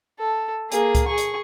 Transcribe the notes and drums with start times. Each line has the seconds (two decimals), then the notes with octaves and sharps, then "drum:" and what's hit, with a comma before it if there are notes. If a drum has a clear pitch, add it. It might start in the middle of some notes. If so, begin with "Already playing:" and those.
0.19 A4
0.72 A#3 G#4, drum: hi-hat
0.95 drum: kick C#2, hi-hat
1.08 G#4 C#6
1.18 drum: hi-hat